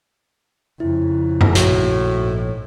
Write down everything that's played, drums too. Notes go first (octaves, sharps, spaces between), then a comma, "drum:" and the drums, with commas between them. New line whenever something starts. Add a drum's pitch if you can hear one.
F2 C#3 E4
drum: tom F#2
A#1 A2 F#4, drum: hi-hat
G#2